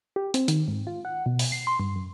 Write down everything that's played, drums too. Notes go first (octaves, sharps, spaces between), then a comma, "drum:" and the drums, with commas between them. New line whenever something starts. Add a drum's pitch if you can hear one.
G4
C4, drum: hi-hat
D#3, drum: hi-hat
G#2
F4
F#5
B2
drum: open hi-hat
C7
C6
G2
F#2